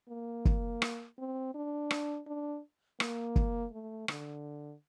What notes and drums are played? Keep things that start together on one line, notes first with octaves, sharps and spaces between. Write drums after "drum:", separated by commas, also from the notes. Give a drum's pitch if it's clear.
A#3
drum: kick
drum: rim click
C4
D4
drum: rim click
D4
A#3, drum: rim click
drum: kick
A3
D3, drum: rim click